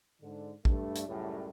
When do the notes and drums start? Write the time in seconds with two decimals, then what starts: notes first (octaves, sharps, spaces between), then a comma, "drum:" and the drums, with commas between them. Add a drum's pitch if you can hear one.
0.22 G#2 D3
0.65 G2 A3, drum: kick
0.95 drum: hi-hat
1.07 C#2 F#2 A2 G3